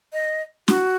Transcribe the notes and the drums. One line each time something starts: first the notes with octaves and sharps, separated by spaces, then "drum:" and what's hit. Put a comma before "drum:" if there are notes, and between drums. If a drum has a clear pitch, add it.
D#5
F#4, drum: snare